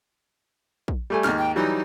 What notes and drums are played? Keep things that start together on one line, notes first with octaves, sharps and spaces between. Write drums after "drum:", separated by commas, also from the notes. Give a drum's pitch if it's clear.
drum: kick A#1
G3 A3 G#5
D#2 G#2 F6, drum: snare
G5
E3 F#3 G3 D#4